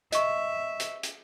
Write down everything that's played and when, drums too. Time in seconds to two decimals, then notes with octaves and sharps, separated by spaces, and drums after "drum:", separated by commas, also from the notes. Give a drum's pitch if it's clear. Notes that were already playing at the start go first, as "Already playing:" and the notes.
0.12 D#5 E5 C#6, drum: hi-hat
0.80 drum: hi-hat
1.03 drum: hi-hat